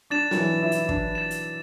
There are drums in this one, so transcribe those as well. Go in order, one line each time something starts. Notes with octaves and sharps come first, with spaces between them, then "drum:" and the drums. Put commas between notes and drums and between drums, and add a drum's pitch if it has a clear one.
D4 A6 E7
F#3, drum: snare
E3
E4
drum: hi-hat
D4, drum: kick
A6 E7
drum: hi-hat